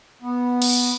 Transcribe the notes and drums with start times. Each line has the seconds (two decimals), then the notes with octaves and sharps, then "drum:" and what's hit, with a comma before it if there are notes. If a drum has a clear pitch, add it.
0.22 B3
0.62 drum: cymbal